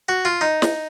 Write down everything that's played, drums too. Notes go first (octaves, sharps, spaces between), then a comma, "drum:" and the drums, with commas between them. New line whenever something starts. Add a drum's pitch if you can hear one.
F#4
F4
D#4
drum: snare